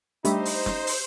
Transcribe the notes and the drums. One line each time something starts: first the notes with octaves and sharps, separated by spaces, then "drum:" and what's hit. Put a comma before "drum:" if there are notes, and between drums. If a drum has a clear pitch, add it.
G3 A3 D4 D#4 G4 C5 E5 B5, drum: hi-hat
drum: open hi-hat
drum: snare
drum: open hi-hat